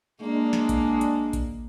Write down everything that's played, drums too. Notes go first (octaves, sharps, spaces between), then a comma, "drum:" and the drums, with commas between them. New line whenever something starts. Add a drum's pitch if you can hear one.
G#3 A#3 D4
drum: snare
drum: kick A#1, hi-hat
drum: hi-hat
drum: kick A#1, hi-hat